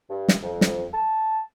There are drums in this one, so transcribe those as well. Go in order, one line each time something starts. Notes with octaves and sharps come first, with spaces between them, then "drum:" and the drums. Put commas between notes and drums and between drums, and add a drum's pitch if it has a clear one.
G2
drum: snare
F2
drum: snare
A5